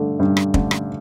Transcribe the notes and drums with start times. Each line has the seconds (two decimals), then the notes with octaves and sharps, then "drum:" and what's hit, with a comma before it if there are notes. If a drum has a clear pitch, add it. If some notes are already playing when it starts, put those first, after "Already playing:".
Already playing: G2 D3 A3
0.19 G2
0.37 drum: rim click
0.54 D3 A3, drum: kick
0.71 drum: rim click